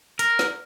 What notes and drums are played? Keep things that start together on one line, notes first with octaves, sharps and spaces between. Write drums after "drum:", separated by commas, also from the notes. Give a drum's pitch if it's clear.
A#4, drum: hi-hat
drum: snare